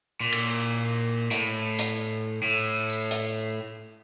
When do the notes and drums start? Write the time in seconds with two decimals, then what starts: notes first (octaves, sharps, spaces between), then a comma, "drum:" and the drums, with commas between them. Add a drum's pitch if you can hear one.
0.20 A#2
0.32 drum: cymbal
1.31 A2, drum: hi-hat
1.79 drum: hi-hat
2.42 A2
2.90 drum: tambourine
3.11 drum: hi-hat